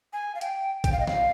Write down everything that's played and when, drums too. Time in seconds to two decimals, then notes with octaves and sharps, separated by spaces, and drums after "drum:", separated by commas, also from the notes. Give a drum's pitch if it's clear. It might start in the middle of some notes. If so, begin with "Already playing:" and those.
0.13 G#5
0.35 F5
0.41 G5, drum: hi-hat
0.84 G5, drum: kick, hi-hat
0.92 F5
1.00 D#5
1.07 F5, drum: snare